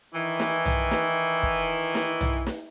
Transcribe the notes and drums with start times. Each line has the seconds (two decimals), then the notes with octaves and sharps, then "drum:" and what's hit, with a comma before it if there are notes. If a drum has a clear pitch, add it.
0.14 D#3 E3
0.40 drum: snare
0.65 drum: tom B1
0.91 drum: snare
1.43 drum: kick
1.95 drum: snare
2.21 drum: tom B1
2.47 drum: snare